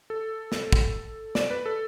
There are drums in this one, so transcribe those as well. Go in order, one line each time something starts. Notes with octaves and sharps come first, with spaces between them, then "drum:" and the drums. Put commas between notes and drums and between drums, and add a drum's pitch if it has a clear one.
A4
drum: snare
drum: kick
D5, drum: snare
B4
A4